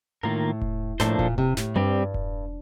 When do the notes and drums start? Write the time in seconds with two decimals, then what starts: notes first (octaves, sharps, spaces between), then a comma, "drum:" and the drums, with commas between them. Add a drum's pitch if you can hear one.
0.23 A2 D#3 A#3 F4 A#4
0.62 drum: kick E1
1.00 A2 F3 A#3 D4 A4 C5, drum: snare
1.19 A#2, drum: kick E1
1.38 C3
1.57 A2, drum: snare
1.76 G2 G3 C4 G4
2.14 drum: kick E1